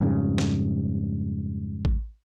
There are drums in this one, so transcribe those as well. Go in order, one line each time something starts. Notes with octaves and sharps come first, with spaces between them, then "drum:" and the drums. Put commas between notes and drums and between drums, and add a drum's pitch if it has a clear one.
F2 G#2 C#3 G3
drum: snare
drum: kick A1